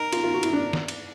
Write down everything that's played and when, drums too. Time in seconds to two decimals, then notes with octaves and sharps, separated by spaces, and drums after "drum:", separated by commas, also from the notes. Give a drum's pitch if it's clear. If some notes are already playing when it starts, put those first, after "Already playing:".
Already playing: D#4 A#4
0.12 F4, drum: cymbal
0.23 F4
0.34 F#4
0.43 E4, drum: cymbal
0.53 D4
0.73 drum: snare
0.88 drum: cymbal